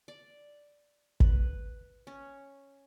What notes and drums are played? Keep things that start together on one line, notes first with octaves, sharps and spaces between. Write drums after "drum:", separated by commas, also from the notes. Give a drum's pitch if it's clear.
D5
B4, drum: kick
C#4